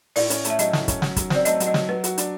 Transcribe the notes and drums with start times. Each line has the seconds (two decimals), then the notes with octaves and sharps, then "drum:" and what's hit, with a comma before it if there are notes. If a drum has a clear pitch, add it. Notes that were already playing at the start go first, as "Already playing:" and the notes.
0.16 A2 D5, drum: open hi-hat
0.30 C#4, drum: hi-hat
0.45 A3, drum: hi-hat
0.50 E5
0.59 F#3 D#5, drum: hi-hat
0.73 A2, drum: snare
0.88 C#4, drum: kick, hi-hat
1.02 F#3, drum: snare
1.16 F#3, drum: kick, hi-hat
1.30 C4, drum: snare
1.35 D5
1.45 A3 D#5, drum: hi-hat
1.60 F#3, drum: hi-hat
1.66 D#5
1.74 F#3, drum: snare
1.89 F#3 B4
2.04 F#4, drum: hi-hat
2.18 D4, drum: hi-hat